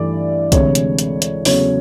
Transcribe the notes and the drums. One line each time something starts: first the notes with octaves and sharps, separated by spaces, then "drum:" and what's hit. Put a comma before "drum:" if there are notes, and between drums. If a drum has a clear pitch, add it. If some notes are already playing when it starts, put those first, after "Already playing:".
Already playing: G2 E3 A3 D5
D2 C3 E3 G#3 C#5, drum: kick B1, hi-hat
drum: hi-hat
drum: hi-hat
drum: hi-hat
E2 C#3 F#3 A3 C#5, drum: open hi-hat